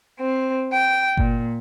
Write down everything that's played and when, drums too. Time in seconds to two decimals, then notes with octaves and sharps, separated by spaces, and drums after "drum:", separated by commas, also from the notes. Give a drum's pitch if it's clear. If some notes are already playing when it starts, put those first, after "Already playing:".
0.19 C4
0.72 G5
1.17 A#2, drum: kick G1